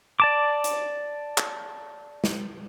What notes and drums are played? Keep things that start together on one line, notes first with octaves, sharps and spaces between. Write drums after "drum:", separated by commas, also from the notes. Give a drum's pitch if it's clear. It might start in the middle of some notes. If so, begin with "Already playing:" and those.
D5 A5 D6
drum: hi-hat
drum: clap
drum: snare